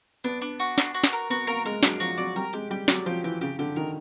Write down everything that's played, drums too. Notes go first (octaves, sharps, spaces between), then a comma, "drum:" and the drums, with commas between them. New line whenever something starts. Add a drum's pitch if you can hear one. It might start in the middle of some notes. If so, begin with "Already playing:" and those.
B3 D4
D4
F#4
D4, drum: snare
F#4
drum: snare
A#4
B3 F#4
A#3 A#4
G#3 A#4
F#3 D4, drum: snare
F3 F#4
F#3 D5
G3 A#4
G#3 G4
G3 G4
F#3 D5, drum: snare
F3 G4
E3 G4
C#3 G4
D3 G4
D#3 A#4